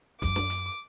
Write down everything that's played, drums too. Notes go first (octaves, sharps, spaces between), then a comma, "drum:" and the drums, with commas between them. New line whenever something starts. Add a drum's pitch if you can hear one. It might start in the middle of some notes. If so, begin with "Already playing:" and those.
F#2 D6, drum: kick B1, hi-hat
drum: snare
drum: hi-hat